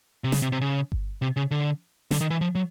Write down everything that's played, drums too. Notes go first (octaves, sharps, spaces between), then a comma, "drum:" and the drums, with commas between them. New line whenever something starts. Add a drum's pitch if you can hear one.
C3
C#3, drum: snare
C3
C3
C#3
drum: kick G1
C3
C#3
D3
D3, drum: snare
D#3
E3
F3
F#3